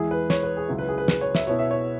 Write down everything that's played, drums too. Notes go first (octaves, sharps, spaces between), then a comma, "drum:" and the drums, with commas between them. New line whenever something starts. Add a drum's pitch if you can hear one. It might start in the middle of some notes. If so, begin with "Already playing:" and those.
Already playing: E2 E3 G#3 E4 G#4
B4
C#5, drum: snare
B4
G#4
C#2 C#3 F#3 E4
B4
G#4
B4
B4, drum: snare
C#5
E5, drum: snare
B2 B3 E4 C#5
E5
C#5